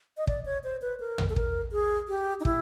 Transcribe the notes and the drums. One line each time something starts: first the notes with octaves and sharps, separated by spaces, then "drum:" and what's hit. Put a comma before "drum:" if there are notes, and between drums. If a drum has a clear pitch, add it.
D#5
D5, drum: kick
C#5
C5
B4
A#4
drum: tom
A4
A#4, drum: kick
G#4
G4
D#4
E4, drum: kick